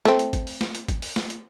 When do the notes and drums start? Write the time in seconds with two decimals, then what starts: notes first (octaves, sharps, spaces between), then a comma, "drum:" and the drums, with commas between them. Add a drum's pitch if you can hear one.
0.05 A3 C4, drum: snare
0.19 drum: hi-hat
0.33 drum: kick, hi-hat
0.47 drum: open hi-hat
0.61 drum: snare
0.75 drum: hi-hat
0.88 drum: kick, hi-hat
1.02 drum: open hi-hat
1.16 drum: snare
1.30 drum: hi-hat